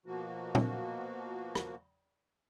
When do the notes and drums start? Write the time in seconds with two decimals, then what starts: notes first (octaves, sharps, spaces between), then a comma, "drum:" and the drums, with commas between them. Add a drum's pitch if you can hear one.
0.06 B2 F3 A#3 F#4
0.55 drum: tom A#2
1.55 drum: rim click